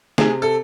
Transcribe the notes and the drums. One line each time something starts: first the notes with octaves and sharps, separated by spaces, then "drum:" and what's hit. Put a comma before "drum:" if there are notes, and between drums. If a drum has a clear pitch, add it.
C3 G#4, drum: snare
A4